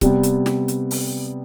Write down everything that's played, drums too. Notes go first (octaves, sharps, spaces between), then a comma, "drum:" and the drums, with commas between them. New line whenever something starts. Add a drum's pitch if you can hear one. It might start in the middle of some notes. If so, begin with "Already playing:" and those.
C3 G3 B3, drum: kick C#1, hi-hat
drum: hi-hat
drum: snare
drum: hi-hat
drum: open hi-hat